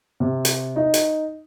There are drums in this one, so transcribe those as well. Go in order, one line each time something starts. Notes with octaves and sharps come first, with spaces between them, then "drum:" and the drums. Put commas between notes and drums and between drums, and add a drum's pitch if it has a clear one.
C3
drum: hi-hat
D#4
drum: hi-hat